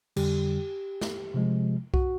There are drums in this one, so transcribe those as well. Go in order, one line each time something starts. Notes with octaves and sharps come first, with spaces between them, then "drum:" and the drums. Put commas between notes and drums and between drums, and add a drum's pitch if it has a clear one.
F2 D3 G3 G4, drum: cymbal
drum: snare
C3 F3 G#3
F#4, drum: kick B1